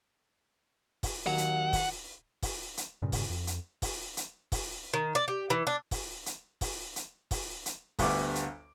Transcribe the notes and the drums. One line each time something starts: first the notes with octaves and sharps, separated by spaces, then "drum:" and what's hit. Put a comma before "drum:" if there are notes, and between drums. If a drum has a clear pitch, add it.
drum: kick, open hi-hat
D#2 F#3 F#5 A#5
drum: hi-hat
drum: kick, open hi-hat
drum: kick, open hi-hat
drum: hi-hat
G2 A#2 C#3
drum: kick, open hi-hat
F2
drum: hi-hat
drum: kick, open hi-hat
drum: hi-hat
drum: kick, open hi-hat
D#3
D5
G4
E3
D4
drum: kick, open hi-hat
drum: hi-hat
drum: kick, open hi-hat
drum: hi-hat
drum: kick, open hi-hat
drum: hi-hat
G1 D2 G3 B3 D6, drum: kick, open hi-hat
drum: hi-hat